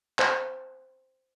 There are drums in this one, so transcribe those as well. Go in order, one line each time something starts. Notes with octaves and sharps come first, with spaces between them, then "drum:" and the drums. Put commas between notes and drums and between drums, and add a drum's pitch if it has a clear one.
C5, drum: clap